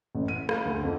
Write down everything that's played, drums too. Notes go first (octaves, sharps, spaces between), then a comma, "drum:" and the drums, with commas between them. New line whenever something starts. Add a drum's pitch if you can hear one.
A1
D#7
F5, drum: rim click
D2
F2